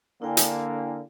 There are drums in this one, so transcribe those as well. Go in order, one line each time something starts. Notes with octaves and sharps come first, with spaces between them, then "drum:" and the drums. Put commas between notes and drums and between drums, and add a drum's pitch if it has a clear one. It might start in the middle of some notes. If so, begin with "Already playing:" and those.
D3 A#3 E4 G5 G#5
drum: hi-hat